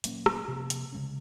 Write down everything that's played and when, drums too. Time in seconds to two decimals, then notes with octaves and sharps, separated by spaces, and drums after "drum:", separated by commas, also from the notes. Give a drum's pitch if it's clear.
0.04 A#2 F#3 A#3 C#4, drum: hi-hat
0.26 drum: rim click
0.48 C3 F3 A#3
0.70 drum: hi-hat
0.93 C#3 G#3 C#4